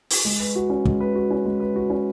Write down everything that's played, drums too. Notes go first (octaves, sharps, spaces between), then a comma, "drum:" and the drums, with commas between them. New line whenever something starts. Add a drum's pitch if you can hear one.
drum: open hi-hat
G#3
B4
F#4
C#4
G#3, drum: kick
B4
F#4
C#4
G#3
B4
F#4
C#4